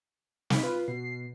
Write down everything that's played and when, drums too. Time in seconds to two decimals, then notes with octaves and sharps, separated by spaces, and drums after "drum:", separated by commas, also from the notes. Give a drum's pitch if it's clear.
0.50 D#4 B5, drum: snare
0.63 F4 B4
0.88 B2 C7